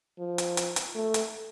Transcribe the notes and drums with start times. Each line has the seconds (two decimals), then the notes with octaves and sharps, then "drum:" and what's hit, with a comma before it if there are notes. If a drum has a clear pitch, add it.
0.19 F3
0.38 drum: hi-hat
0.57 drum: hi-hat
0.76 drum: hi-hat
0.95 A3
1.14 drum: hi-hat